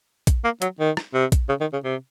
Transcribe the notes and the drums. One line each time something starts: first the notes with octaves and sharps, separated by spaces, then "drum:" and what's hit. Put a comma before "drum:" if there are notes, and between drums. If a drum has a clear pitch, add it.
drum: kick A#1, hi-hat
A#3
F#3, drum: hi-hat
D#3
drum: rim click
C3
drum: kick A#1, hi-hat
C#3
D#3
C#3
C3